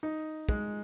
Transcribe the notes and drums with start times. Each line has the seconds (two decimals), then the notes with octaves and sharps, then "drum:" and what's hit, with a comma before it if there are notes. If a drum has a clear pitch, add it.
0.03 D#4
0.49 G#3, drum: kick